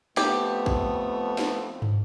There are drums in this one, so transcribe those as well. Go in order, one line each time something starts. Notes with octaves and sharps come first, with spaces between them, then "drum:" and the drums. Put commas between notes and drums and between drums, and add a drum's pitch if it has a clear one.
F2 A3 B3 G4, drum: snare
drum: kick
drum: snare
drum: tom